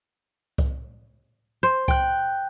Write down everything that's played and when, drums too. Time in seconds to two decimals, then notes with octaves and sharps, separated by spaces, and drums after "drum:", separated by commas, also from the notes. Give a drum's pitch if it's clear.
0.58 drum: kick C2
1.63 C5
1.88 G5 F#6, drum: kick C2